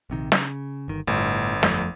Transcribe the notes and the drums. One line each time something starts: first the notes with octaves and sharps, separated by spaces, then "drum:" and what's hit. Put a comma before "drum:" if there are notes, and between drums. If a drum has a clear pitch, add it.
A#1 C3 D#3
C#3, drum: snare
G1 D#3
G1 A2
F2 F3 A3, drum: snare